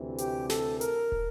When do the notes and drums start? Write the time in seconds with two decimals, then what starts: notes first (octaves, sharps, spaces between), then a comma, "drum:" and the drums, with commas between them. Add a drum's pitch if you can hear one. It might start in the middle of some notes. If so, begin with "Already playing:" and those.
Already playing: D2 C3 E3
0.18 G4, drum: hi-hat
0.50 A4, drum: snare
0.81 A#4, drum: hi-hat
1.12 drum: kick